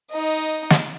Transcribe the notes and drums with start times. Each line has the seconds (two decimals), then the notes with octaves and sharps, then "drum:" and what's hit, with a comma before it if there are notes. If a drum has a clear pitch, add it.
0.11 D#4 D#5
0.70 drum: snare